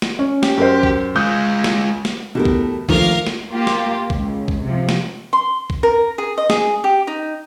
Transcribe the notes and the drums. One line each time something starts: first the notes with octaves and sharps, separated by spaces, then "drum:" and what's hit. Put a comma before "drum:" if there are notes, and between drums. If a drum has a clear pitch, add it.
drum: snare
C#4
G4, drum: snare
F#2 A#4 C5
drum: kick
G#3 F4 D#6 F#6 G6
drum: snare
drum: snare
E2 B2 A3 G4 A#4
drum: kick
C3 D#3 F3 A3 A#3 A#4 F5, drum: kick
drum: snare
A#3 F4 G4
drum: snare
C#2, drum: kick
drum: kick
C3 F3
drum: snare
C6
drum: kick
A#4
G#4
D#5
G#4, drum: snare
G4
D#4